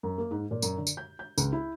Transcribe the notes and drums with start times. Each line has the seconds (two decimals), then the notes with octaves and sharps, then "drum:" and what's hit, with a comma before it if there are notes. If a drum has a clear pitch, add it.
0.03 F#2
0.18 A#3
0.31 G#2
0.51 A#2
0.62 F#2, drum: tambourine
0.78 D3
0.87 drum: tambourine
0.97 G6
1.19 G6
1.38 C#2, drum: tambourine
1.52 E4